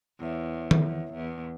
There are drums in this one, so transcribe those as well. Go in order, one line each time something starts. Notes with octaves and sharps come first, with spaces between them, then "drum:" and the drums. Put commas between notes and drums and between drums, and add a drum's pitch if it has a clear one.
E2 E4 C#5 E5
drum: tom
E2
E2